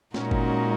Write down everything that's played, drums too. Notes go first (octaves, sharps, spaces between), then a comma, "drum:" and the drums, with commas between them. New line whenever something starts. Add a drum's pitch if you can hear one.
A#2 G#3 C#4 D#4 F#4 A#4, drum: snare
drum: kick G1